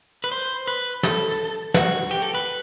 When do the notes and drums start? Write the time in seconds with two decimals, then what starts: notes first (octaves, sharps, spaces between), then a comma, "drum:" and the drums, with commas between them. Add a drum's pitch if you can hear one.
0.24 B4
0.32 C5
0.67 B4
1.03 A4, drum: snare
1.74 F#4, drum: snare
2.11 G4
2.22 A4
2.34 B4